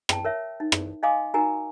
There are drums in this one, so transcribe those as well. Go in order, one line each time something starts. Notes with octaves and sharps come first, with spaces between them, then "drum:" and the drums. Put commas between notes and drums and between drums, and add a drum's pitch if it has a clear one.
G5 A5, drum: rim click
A#4 C#5 E5
D#4
drum: rim click
D#5 F5 G#5 C6 D6 D#6
D#4 F#4 A#4 G#5 A#5